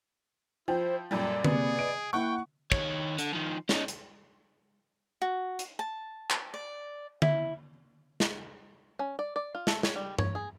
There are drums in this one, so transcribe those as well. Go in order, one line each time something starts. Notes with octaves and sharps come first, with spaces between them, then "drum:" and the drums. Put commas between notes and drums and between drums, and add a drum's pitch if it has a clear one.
F3 E4 C5 G5
F#2 A#2 G3 A4 D5
C3 A#3 B3 G#4, drum: tom D3
D#5 D7
A#3 E4 F#5 G5 C#6
D#3 C#5, drum: kick
D3, drum: hi-hat
D#3 F3
C#4 D#4, drum: snare
drum: hi-hat
F#4
drum: hi-hat
A5
drum: clap
D5
E4, drum: tom D3
drum: snare
C#4
D5
D5
F4
A3, drum: snare
C#5, drum: snare
G3
C#5, drum: tom G2
G#4